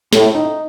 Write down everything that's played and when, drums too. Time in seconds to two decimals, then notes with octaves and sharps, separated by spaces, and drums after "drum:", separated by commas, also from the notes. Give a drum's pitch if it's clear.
0.13 A2 A4, drum: snare
0.35 D#4